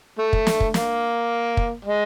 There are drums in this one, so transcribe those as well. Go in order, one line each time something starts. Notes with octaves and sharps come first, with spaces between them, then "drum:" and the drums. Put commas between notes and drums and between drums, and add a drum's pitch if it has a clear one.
A3
drum: kick
drum: snare
drum: kick
A#3, drum: snare
drum: kick
G#3